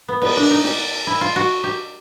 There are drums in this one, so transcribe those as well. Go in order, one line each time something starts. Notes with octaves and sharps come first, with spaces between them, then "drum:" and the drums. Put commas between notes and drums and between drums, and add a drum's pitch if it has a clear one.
B3
B3, drum: cymbal
D4
D#4
G4, drum: snare
E4
F4
F#4
G4